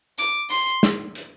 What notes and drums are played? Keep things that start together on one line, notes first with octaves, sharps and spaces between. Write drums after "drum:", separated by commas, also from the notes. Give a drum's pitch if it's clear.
D6, drum: hi-hat
C6, drum: hi-hat
drum: snare
drum: hi-hat